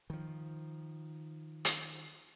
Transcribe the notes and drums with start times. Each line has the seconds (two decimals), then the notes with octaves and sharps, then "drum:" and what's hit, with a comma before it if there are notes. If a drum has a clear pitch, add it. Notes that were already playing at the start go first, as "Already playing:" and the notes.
0.10 D#3 F3
1.65 drum: hi-hat